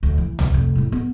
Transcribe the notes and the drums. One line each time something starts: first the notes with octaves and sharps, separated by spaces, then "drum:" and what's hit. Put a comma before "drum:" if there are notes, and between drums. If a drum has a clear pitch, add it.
D2
E3
C2, drum: tom C#2
F1
A2 G3
B3